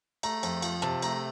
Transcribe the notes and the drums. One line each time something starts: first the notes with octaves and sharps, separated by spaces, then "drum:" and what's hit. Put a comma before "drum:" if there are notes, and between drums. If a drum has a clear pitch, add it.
A3 A#5, drum: cymbal
F2, drum: cymbal
F3, drum: cymbal
C3 A5, drum: rim click
A3 A#5, drum: cymbal